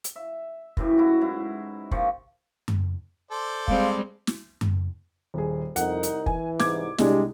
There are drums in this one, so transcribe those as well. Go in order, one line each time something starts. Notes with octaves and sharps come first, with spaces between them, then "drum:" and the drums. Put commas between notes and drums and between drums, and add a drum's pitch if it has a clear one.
drum: hi-hat
E5
F#2 A2 E3 G4, drum: kick
E4 F#4
G#2 E4
A#2 F3 G4 C#6, drum: kick
drum: tom F#2
A4 C5 D5
G3 G#3 C4 F5, drum: kick
drum: snare
drum: tom F#2
D#1 G#4
C2 F2 D#4 A#4 F#5, drum: hi-hat
drum: hi-hat
E3 G#5, drum: kick
C2 G#2 D6 G#6, drum: snare
C2 C3 G#3 D4 G4, drum: snare